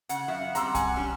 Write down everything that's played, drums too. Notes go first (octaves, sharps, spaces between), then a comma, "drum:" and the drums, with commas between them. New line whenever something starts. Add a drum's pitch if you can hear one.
C#3 F#5, drum: hi-hat
F#2 E5 F5
G3 C4 A#5 C6 E6, drum: hi-hat
G#5, drum: kick, hi-hat
C#4 D4 G4